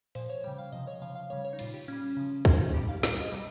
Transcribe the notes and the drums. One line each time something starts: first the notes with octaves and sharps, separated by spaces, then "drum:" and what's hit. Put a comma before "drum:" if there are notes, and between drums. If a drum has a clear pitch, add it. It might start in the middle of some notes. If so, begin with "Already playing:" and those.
A#2 F3 C5, drum: open hi-hat
C#5
C#3 G3 G5
F5
C3 F3 D#5
C#5
C#3 F3 F5
F5
C#3 G3 C#5
C#5
D#4
A#2 G3 F4, drum: cymbal
G4
A#2 G3 C#4
C#3 F3
A#2 F3 C#4, drum: kick
D#4
A#2 G3 G4
F5
A#2 G3, drum: snare
D#5
C3 G3